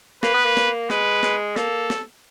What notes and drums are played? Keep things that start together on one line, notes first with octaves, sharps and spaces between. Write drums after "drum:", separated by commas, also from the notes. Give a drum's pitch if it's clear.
A#3 B4, drum: snare
B3
A#3
drum: snare
G#3 B4, drum: snare
G#3, drum: snare
A#3 A4, drum: snare
drum: snare